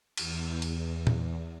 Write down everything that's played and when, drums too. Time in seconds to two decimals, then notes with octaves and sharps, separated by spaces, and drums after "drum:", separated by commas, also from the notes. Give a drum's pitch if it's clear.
0.17 E2, drum: cymbal
0.62 drum: cymbal
1.07 drum: tom A#2